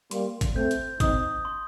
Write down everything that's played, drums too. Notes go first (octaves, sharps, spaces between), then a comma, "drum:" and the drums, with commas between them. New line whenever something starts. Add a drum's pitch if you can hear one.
G3 A#3 C6, drum: hi-hat
drum: kick, hi-hat
A3 C4 G6
drum: hi-hat
C4 D#4 D#6, drum: kick, hi-hat
C6